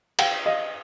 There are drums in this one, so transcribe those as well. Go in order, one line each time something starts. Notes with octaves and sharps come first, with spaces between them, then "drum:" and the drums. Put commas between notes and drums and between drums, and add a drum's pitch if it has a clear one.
F5 G5, drum: cymbal
D#5 F5